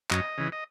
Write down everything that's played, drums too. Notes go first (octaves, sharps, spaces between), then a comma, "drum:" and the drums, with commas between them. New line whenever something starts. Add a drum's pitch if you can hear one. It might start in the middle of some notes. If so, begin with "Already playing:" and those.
F#2 D#5, drum: clap
C#3 E3
D#5